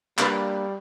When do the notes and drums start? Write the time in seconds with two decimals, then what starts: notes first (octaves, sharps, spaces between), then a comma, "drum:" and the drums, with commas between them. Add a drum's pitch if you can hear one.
0.18 G3 A#3 D4 B4, drum: clap